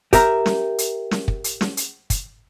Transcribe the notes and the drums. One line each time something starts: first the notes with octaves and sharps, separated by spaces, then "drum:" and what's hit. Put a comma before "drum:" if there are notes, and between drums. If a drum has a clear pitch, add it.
G4 A#4 E5 A#5, drum: kick, hi-hat
drum: snare
drum: hi-hat
drum: snare
drum: kick
drum: hi-hat
drum: snare
drum: hi-hat
drum: kick, hi-hat